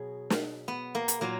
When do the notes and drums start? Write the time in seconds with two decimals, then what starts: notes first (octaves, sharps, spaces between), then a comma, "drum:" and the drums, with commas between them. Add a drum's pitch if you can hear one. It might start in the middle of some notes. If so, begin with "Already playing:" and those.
Already playing: B2 F#3 G#4
0.30 drum: snare
0.68 B3
0.95 A#3
1.08 drum: hi-hat
1.21 A#2 F#3 A#3